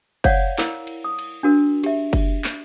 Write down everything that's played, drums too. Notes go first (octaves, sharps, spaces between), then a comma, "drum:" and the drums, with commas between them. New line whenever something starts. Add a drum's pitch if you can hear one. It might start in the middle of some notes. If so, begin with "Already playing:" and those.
C#5 D5 F5 F#5, drum: kick F#1, cymbal
E4 A#4, drum: clap
drum: cymbal
D#6
drum: cymbal
D4 F#4 A#4
G4 E5, drum: cymbal
drum: kick F#1, cymbal
drum: clap